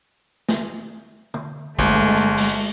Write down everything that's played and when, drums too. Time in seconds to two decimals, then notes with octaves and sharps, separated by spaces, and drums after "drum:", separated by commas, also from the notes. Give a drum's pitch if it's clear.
0.49 drum: snare
1.34 drum: tom
1.79 G1 G#3 A3, drum: kick
2.17 drum: hi-hat
2.37 drum: open hi-hat